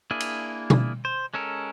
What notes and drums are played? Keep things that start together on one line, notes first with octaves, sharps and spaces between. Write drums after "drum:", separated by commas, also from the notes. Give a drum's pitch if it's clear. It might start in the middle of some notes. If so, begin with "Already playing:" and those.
A#3 D4 E4 G#4
drum: cymbal
drum: tom B2
C5
G#3 C#4 A4 A#4